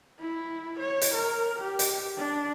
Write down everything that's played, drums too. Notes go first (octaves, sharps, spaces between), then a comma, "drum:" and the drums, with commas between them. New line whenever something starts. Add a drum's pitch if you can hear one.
E4
C#5
drum: hi-hat
A#4
G4
drum: hi-hat
D4